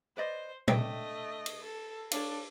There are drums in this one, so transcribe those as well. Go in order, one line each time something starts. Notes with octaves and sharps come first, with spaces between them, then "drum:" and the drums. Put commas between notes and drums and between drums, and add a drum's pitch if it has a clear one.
B4 C5 D5 D#5
A3 D4 D#5 E5 G5, drum: tom A#2
drum: cymbal
A4
D4 A4 C#5 F5, drum: cymbal